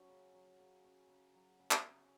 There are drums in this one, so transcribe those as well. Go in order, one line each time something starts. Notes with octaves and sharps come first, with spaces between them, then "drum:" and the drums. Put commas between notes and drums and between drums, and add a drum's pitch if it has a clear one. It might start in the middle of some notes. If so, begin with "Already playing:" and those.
Already playing: F#3 C#4
C#3
F#3
C#3
C#4
C#3
F#3
C#3
drum: clap
C#4